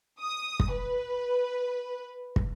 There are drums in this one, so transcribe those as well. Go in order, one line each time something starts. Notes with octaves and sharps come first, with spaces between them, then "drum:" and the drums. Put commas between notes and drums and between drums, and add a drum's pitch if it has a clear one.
D#6
drum: kick
B4
drum: kick